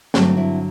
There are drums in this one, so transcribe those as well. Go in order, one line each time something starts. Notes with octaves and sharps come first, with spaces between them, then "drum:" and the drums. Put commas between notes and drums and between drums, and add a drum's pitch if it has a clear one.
G2 D3 F#3 A3 C4, drum: snare
C4 E4